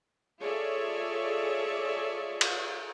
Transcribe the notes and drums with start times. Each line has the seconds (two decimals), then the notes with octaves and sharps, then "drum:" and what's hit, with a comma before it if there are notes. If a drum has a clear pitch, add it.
0.41 F4 G#4 A4 C#5 D5 E5
2.41 drum: cymbal